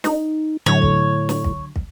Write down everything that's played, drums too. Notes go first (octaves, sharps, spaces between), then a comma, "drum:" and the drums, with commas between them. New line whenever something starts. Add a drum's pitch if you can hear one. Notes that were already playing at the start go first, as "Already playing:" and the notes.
D#4, drum: snare
A2 D3 F#3 C#5
drum: kick
drum: snare
drum: kick
drum: kick